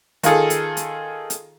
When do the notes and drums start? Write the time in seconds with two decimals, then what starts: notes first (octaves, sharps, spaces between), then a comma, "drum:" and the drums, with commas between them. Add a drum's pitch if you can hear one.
0.23 D#3 F4 G#4 A4, drum: hi-hat
0.50 drum: hi-hat
0.77 drum: hi-hat
1.30 drum: hi-hat